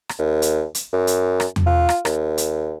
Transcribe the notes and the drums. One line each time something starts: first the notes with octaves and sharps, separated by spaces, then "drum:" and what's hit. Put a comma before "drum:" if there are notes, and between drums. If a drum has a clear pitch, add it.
drum: rim click
D#2
drum: hi-hat
drum: hi-hat
F#2
drum: hi-hat
drum: rim click
drum: tom E2
F4
drum: rim click
D#2, drum: rim click
drum: hi-hat